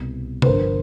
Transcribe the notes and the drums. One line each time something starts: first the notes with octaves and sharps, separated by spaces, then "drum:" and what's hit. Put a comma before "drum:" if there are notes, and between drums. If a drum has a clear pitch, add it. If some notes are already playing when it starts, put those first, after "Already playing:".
Already playing: C2 B2
B4, drum: tom C3
G1 G2 D3 F3 A#4 C5